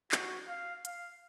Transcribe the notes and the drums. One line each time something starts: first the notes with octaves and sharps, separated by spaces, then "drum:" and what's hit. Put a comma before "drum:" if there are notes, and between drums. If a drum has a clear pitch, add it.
F#4, drum: clap
F5
F5, drum: hi-hat